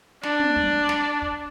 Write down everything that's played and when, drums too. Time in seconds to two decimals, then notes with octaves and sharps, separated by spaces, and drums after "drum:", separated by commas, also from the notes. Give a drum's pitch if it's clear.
0.23 D4, drum: snare
0.40 drum: tom
0.56 drum: kick
0.89 drum: snare
1.22 drum: kick